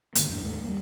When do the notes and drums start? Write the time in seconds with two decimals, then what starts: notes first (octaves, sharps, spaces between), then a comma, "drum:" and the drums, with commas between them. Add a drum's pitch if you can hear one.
0.15 G2 D3 D#3 A#3, drum: hi-hat
0.29 F2 A2 D4
0.43 D#2 G#2 A3
0.64 G3 A#3